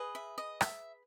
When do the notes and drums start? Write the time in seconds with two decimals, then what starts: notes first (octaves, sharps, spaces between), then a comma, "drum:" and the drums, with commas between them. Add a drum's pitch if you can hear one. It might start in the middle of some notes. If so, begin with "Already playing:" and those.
Already playing: G#4 B4 D#5
0.15 E5
0.38 D#5
0.61 E5, drum: rim click